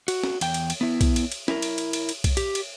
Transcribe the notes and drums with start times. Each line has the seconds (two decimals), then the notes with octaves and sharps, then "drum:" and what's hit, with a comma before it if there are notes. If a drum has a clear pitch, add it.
0.08 F#4, drum: cymbal
0.23 drum: snare
0.41 E2 G5, drum: cymbal
0.54 drum: cymbal
0.70 drum: cymbal
0.81 B3 E4
1.01 drum: kick, cymbal
1.16 drum: cymbal
1.32 drum: cymbal
1.48 E4 A#4, drum: snare
1.62 drum: cymbal
1.78 drum: cymbal
1.93 drum: cymbal
2.09 drum: cymbal
2.24 drum: kick, cymbal
2.37 G4, drum: cymbal
2.55 drum: cymbal